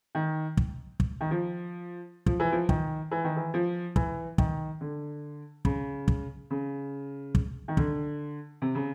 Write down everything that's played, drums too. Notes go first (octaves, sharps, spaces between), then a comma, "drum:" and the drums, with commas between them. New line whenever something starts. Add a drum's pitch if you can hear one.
D#3
drum: kick
drum: kick
D#3
F3
F3, drum: kick
E3
F3
D#3, drum: kick
E3
D#3
E3
F3
E3, drum: kick
D#3, drum: kick
D3
C#3, drum: kick
drum: kick
C#3
drum: kick
D#3
D3, drum: kick
C3
C#3